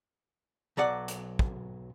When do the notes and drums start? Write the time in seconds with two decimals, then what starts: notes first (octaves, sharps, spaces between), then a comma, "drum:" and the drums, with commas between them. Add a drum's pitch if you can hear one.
0.77 B1 F#3 D5 F#5
1.08 drum: hi-hat
1.39 drum: kick